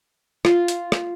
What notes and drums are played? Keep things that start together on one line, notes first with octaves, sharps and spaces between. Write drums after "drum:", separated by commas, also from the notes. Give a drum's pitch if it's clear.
F4, drum: rim click
drum: hi-hat
drum: rim click